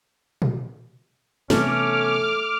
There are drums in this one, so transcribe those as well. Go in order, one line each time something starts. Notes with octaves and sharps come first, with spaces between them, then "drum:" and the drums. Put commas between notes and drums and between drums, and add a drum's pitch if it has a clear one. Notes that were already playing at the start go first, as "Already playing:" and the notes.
drum: tom A#2
C3 E3 A3 B3 C#4 D6 F6, drum: snare